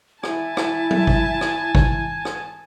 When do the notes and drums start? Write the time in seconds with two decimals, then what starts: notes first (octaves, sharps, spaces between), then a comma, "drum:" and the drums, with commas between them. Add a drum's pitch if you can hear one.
0.23 E4 G#5 A5, drum: rim click
0.57 drum: rim click
0.91 drum: tom F#3
1.07 drum: kick G#1
1.41 drum: rim click
1.75 drum: kick G#1
2.25 drum: rim click